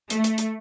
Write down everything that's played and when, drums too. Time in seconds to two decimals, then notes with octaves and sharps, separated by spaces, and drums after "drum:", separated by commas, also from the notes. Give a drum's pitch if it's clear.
0.10 A3, drum: hi-hat
0.24 drum: hi-hat
0.38 drum: hi-hat